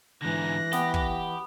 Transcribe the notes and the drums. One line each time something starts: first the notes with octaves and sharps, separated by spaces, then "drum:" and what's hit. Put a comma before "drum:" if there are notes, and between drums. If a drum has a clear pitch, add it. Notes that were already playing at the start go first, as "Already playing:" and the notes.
G#2 D3 E3 F#6 A#6
B3 G4, drum: snare
drum: kick